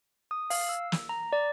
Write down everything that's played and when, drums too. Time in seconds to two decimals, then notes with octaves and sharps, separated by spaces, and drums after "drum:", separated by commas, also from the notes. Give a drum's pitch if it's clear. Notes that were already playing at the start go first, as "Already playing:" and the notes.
0.31 D#6
0.50 F5, drum: open hi-hat
0.69 E6
0.92 drum: snare
1.09 A#5
1.33 D5